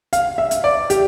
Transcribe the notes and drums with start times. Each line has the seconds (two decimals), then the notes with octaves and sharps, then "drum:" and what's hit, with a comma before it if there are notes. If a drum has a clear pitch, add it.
0.13 F5, drum: hi-hat
0.38 E5
0.51 drum: hi-hat
0.64 D5
0.90 G4, drum: hi-hat